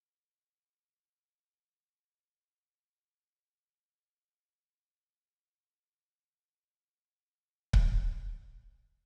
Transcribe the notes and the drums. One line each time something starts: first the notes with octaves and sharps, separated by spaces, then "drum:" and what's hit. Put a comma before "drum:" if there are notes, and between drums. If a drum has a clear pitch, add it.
G#2
G#2
F#2
F#2
E2
F#2
E2
F#2
F#2
F#2
F#2
E2
G#2
A#2
B2
B2
A#2
B2
C#3
D#3
B2
G#2
E2
F#2
G#2
F#2
G#2
G#2
A#2
G#2
F#2
F#2
G#2
A#2
B2
C#3
drum: kick C#1
D#3
C#3